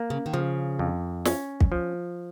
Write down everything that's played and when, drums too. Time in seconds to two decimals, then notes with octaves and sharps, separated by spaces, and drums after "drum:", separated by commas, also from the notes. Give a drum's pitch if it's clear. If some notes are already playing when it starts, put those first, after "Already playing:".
Already playing: A#3
0.10 C#3
0.26 D#3
0.33 C#3 F3
0.79 F2
1.25 C#4, drum: snare
1.60 drum: kick
1.72 F3